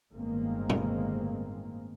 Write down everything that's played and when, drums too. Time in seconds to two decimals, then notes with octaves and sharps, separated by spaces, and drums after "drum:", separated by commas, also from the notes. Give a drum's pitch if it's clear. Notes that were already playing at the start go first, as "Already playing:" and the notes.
0.11 G1 A2 D#3 G#3 A#3 C4
0.70 drum: tom B2